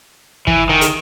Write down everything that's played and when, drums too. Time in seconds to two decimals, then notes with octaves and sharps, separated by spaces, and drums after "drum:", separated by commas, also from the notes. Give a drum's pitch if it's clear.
0.47 E3, drum: kick
0.69 D#3
0.81 drum: hi-hat